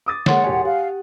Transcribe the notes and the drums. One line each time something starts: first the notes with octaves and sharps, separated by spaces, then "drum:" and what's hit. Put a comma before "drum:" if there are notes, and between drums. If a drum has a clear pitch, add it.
D6 D#6 A6
G#3 A#3 C#5 F#5 C6 A6, drum: snare
E1 G4 C#5 G#5
G4 F5 F#5